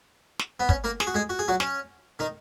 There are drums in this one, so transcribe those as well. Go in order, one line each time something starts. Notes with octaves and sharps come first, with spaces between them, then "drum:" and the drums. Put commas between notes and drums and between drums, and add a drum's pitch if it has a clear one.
drum: snare
B3
C#4, drum: kick
A#3 A#4
G#4, drum: snare
F#4
G#3 G#4
F#4
G#4
F#3 F#4
C#4, drum: snare
D#3 D#4